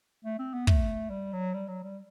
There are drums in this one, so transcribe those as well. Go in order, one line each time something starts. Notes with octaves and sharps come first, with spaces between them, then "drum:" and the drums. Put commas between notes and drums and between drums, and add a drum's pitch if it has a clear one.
A3
C4
B3
A3, drum: kick
G3
F#3
G3
F#3
G3